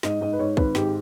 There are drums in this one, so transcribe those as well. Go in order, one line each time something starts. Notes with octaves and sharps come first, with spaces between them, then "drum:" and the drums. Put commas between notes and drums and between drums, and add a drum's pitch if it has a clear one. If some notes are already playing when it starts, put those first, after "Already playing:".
G#2 D#5, drum: snare
G#2 D#5
B4
G#2 C#5
G#1 B4, drum: kick
G#2 G4, drum: snare